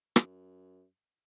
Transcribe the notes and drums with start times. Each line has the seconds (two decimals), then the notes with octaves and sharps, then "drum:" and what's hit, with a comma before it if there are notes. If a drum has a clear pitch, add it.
0.16 F#2, drum: rim click